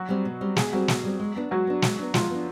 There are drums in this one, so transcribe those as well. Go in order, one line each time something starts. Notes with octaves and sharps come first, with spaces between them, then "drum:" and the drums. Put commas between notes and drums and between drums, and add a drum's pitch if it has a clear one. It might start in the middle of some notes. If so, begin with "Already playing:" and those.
Already playing: F#3 F#4
G3 C4
B2
G3 C4
B2 G#3 G#4, drum: snare
F#3 G3 C4 F#4
B2, drum: snare
G3 C4
G#3
B3 D4
F#3 G#3 F#4
B3 D4
G#3, drum: snare
B3 D4
F3 G#3 F4, drum: snare
B3
D4